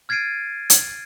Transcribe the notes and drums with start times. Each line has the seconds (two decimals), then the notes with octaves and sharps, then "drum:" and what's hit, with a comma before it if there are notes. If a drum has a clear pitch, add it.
0.09 F6 G#6 A6 C7 D7 D#7
0.70 drum: hi-hat